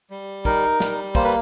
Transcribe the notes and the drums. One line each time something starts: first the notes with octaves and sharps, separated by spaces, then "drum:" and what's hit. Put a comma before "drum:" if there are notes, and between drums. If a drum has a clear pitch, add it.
G3
D#4 A#4, drum: kick
G3, drum: snare
A#3 C5, drum: kick
B4